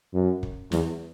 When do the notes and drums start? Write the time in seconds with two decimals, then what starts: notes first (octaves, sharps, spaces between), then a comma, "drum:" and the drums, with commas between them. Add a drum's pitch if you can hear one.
0.14 F#2
0.43 drum: kick
0.72 E2, drum: snare